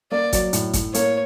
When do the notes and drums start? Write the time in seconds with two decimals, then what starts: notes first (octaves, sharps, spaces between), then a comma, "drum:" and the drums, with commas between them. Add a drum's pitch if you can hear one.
0.12 A#3 D5
0.33 F#3, drum: kick, hi-hat
0.53 A2, drum: hi-hat
0.73 A2, drum: kick, hi-hat
0.94 A#3 C#5, drum: hi-hat